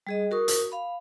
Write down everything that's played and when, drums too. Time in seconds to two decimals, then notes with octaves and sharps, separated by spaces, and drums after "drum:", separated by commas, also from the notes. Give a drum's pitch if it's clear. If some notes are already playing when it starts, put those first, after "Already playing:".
0.07 G3 G#4 D#5
0.31 F#4 A#4 C#6 D#6
0.48 drum: hi-hat
0.72 F5 B5